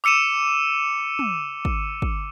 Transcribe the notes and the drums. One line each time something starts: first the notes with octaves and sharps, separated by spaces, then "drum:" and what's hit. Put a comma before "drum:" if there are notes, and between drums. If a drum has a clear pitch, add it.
D6 E6 C#7 D#7 E7
drum: tom
drum: kick
drum: kick